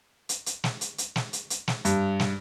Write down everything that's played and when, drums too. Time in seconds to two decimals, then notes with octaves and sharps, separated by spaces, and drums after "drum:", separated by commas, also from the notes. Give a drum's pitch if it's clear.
0.29 drum: hi-hat
0.46 drum: hi-hat
0.64 drum: snare
0.81 drum: hi-hat
0.98 drum: hi-hat
1.16 drum: snare
1.33 drum: hi-hat
1.50 drum: hi-hat
1.68 drum: snare
1.85 G2, drum: hi-hat
2.20 drum: snare